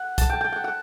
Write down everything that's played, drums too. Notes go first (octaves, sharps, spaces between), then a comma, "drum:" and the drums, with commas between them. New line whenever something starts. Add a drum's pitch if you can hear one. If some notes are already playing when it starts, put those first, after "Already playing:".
Already playing: F#5
A5, drum: kick C2, hi-hat
G5
G5
F#5
F#5